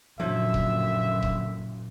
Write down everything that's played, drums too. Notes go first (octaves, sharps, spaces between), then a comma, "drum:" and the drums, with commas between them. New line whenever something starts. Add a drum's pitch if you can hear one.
F#1 A#2 D3 F3 F#3 E5
drum: kick D#1
drum: kick D#1